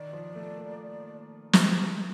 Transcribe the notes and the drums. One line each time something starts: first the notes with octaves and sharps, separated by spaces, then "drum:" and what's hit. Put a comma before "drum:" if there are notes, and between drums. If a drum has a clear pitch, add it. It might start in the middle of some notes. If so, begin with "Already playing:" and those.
Already playing: D#3 D5
F3
A3
A#3
drum: snare